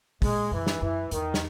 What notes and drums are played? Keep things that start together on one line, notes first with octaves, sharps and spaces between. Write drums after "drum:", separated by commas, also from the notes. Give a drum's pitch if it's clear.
A#2 G#3, drum: kick, open hi-hat
F#2 E3
drum: snare
F#2 E3
E2 D#3, drum: hi-hat
drum: snare